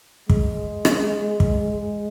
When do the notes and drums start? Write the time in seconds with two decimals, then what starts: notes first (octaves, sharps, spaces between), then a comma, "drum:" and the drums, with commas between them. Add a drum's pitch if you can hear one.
0.29 G#3, drum: kick
0.85 drum: rim click
1.40 drum: kick